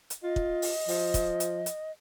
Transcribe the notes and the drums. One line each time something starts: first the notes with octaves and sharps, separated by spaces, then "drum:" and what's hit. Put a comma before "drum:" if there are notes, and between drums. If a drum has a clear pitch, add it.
drum: hi-hat
F4 D#5
drum: kick
drum: open hi-hat
F3, drum: open hi-hat
drum: kick, hi-hat
drum: hi-hat
drum: hi-hat